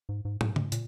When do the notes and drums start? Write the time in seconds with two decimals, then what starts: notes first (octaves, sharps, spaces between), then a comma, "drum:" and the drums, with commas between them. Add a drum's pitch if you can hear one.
0.09 G#2
0.25 G#2
0.41 G#2, drum: tom
0.56 drum: tom C#3
0.72 A#2, drum: hi-hat